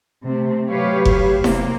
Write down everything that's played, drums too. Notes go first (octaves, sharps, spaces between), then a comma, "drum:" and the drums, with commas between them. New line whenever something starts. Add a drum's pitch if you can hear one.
C3 A3 C4
F#3 A3 G4 B4 C#5 F5
drum: kick F1
C3 A#3, drum: snare E4